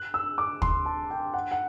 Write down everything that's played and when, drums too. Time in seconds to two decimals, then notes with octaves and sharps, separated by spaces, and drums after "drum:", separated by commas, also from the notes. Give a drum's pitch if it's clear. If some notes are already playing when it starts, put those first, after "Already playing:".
Already playing: F#6
0.14 E6
0.38 D6
0.62 C6, drum: kick
0.86 A5
1.10 G5
1.34 F#5
1.51 F#5